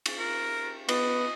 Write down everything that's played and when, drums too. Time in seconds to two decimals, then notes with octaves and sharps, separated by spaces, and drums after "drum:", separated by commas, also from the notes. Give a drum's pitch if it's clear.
0.06 drum: cymbal
0.19 A#4
0.89 B3 D#5, drum: cymbal